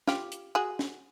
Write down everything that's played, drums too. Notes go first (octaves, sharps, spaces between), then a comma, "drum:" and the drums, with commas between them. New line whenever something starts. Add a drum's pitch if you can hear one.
F4 G4, drum: snare
drum: hi-hat
F#4 G#4
drum: snare